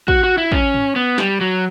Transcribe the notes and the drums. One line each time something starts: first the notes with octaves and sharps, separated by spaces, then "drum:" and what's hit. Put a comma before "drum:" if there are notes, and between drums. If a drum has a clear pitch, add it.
F#4, drum: kick
F#4
E4
C#4, drum: kick
drum: tom G#2
B3
G3, drum: snare
F#3